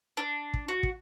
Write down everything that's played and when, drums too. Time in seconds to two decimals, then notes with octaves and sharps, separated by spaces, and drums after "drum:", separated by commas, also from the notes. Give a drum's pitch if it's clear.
0.17 D4
0.54 drum: kick
0.68 F#4
0.83 drum: kick